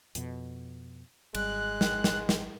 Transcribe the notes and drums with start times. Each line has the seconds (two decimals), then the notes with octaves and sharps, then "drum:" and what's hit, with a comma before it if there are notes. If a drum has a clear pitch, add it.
0.15 F2 B2, drum: hi-hat
1.35 G#1 G3 G#3 F#6, drum: cymbal
1.81 drum: snare
2.04 drum: snare
2.29 drum: snare